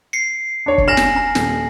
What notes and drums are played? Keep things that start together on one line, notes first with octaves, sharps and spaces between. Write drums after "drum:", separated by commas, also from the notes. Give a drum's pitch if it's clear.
C7 C#7
D4 C#5
drum: kick
G#5 F6 A#6 E7 F#7
drum: snare
A#5
D#1, drum: snare